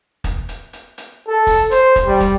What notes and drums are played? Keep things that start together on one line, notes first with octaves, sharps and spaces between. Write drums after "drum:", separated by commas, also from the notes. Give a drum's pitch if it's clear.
drum: kick, hi-hat
drum: hi-hat
drum: hi-hat
drum: hi-hat
A4
drum: kick, open hi-hat
C5, drum: hi-hat
drum: kick, hi-hat
G3
drum: kick, hi-hat